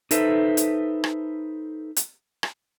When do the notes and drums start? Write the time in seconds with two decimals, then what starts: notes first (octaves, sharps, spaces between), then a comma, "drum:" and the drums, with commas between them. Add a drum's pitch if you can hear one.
0.11 D#4 A4 B4 C5 E5, drum: hi-hat
0.57 drum: hi-hat
1.04 drum: rim click
1.96 drum: hi-hat
2.43 drum: rim click